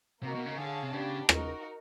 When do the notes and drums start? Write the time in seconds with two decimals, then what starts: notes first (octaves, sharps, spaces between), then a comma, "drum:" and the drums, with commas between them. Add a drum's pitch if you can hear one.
0.23 C3 A#3 D#4 F#4 A#4
0.35 B2
0.46 C#3
0.57 D3 G#4 C#5 F5 A5
0.83 C3
0.93 C#3 B3 D4 G4
1.29 D#4 F#4 A#4, drum: rim click